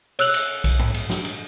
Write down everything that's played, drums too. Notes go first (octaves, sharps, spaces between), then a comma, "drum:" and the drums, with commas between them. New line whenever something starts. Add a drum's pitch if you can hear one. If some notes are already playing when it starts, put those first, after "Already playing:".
C#5 E6 F#6 F7 F#7, drum: cymbal
drum: cymbal
drum: kick, cymbal
drum: tom G#2
drum: cymbal
drum: snare
drum: cymbal